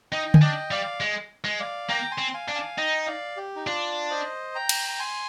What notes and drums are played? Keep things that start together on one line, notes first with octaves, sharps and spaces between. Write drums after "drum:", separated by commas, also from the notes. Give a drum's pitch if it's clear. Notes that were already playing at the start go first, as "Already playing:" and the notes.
D#4 D#5 G5
G#5, drum: tom D3
D4 D#5 G5
G3 D5 F5
G#3
G#3
D5 F5
A#3 G5 A#5
G#5 C6
C4
F5 G#5
D4
F5 G#5
D#4 D#5 G5
D5 F5
G4
D#4
D4 F4
C5 D#5
G5 A#5
drum: cymbal
A#5
G#5 C6